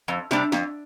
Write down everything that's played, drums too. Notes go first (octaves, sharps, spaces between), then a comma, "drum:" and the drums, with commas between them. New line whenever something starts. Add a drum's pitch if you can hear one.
F2
C3 G3 D4, drum: snare
F2, drum: snare